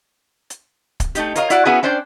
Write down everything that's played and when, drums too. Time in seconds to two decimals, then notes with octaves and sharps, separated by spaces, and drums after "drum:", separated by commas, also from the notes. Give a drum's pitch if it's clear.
0.50 drum: hi-hat
1.00 drum: kick, hi-hat
1.15 A3 D#4 G4, drum: hi-hat
1.35 F4 A#4 C#5 D#5 F5, drum: hi-hat
1.50 E4 F#4 D5 F#5, drum: hi-hat
1.65 B3 C#4 E4 F#4 G#4 G#5
1.83 C#4 D4 C5 D5 G5